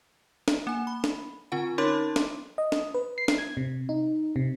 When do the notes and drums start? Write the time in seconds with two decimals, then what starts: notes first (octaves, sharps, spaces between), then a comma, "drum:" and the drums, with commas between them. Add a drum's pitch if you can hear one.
0.48 drum: snare
0.67 A#3 G#5
0.87 B5
1.04 drum: snare
1.52 D3 C4 F4 F#5
1.78 C#4 D#4 A#4 C#5 C6 D6
2.16 drum: snare
2.58 D#5
2.72 drum: snare
2.94 B4
3.18 C7
3.28 drum: snare
3.38 G#6
3.57 C3
3.89 D#4
4.36 C3